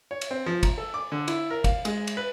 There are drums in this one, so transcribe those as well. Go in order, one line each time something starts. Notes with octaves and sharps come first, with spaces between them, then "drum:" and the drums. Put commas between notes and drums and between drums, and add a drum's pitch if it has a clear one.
C#5
drum: cymbal
C4
F3
A#5, drum: kick G1, cymbal
A4
D6
D3
E4, drum: cymbal
A#4
F5, drum: kick G1, cymbal
G#3, drum: cymbal
drum: cymbal
B4